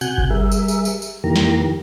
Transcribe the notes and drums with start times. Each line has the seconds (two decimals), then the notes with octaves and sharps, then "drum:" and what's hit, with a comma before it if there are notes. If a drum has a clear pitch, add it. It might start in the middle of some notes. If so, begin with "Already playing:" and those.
0.01 C3 F#4 G#5 F#6 G6, drum: tambourine
0.18 drum: kick G1
0.30 G3 G#4 A#4 E5
0.52 drum: tambourine
0.68 drum: tambourine
0.85 drum: tambourine
1.02 drum: tambourine
1.24 F2 D#3 E3 A#3 G4 A#5
1.36 drum: snare